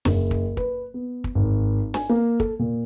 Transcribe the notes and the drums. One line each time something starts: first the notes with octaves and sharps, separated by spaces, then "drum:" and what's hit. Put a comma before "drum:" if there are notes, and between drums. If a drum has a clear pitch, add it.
F#1, drum: snare
drum: kick
B4, drum: kick
B3
drum: kick
G#1
G#5, drum: snare
A#3
A4, drum: kick
A#2